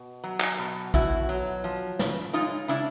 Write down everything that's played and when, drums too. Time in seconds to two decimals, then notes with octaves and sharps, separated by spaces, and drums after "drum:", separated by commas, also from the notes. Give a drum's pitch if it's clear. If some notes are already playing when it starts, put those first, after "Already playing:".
Already playing: B2
0.24 F#3
0.40 drum: clap
0.59 B2
0.94 B2 E4 F#4, drum: kick A#1
1.29 F#3
1.64 F3
1.99 C#3, drum: snare
2.33 G#3 D#4 F4, drum: hi-hat
2.68 C#3 D4 E4